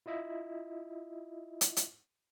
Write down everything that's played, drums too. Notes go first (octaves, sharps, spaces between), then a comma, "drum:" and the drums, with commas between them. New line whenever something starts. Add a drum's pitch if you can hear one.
E4 F4 D#5 E5
drum: hi-hat
drum: hi-hat